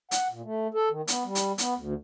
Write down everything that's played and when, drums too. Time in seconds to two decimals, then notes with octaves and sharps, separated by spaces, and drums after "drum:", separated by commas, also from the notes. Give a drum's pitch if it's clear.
0.11 F#5, drum: hi-hat
0.31 A#2
0.44 A3
0.74 A4
0.90 D#3
1.08 B3, drum: hi-hat
1.24 G3
1.35 drum: hi-hat
1.58 B3, drum: hi-hat
1.76 D2